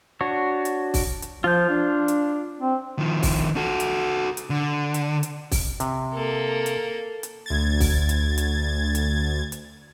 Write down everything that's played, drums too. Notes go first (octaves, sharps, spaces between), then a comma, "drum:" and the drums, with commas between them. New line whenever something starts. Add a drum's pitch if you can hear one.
D4 F#4 C#5
drum: hi-hat
drum: kick, open hi-hat
drum: hi-hat
F3 F4 G6
D4
drum: hi-hat
C4
D#3 F3
drum: kick, open hi-hat
F#4 A4
drum: hi-hat
drum: hi-hat
D3
drum: hi-hat
drum: hi-hat
drum: kick, open hi-hat
C3, drum: hi-hat
A#3 A4
drum: hi-hat
drum: hi-hat
D2 G#6 A6
drum: kick, open hi-hat
drum: hi-hat
drum: hi-hat
drum: hi-hat
drum: hi-hat